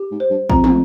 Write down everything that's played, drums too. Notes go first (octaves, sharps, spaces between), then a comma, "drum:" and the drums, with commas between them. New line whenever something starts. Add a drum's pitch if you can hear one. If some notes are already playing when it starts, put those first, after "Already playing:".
Already playing: G4
G#2
C5
G2
F2 A#5, drum: kick A1
drum: tom